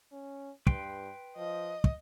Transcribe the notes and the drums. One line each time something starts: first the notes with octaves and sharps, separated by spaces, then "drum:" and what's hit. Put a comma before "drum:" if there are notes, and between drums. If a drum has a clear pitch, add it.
C#4
G2 B4 G5 C6, drum: kick
F3 D#5
drum: kick